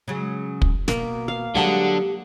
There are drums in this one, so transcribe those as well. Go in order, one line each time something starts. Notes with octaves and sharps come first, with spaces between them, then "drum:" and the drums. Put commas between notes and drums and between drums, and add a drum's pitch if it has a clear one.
C#3 F#3 G#3
drum: kick
B2 A#3, drum: snare
F5
D3 F#3 G#3 G4 B4 F#5 A5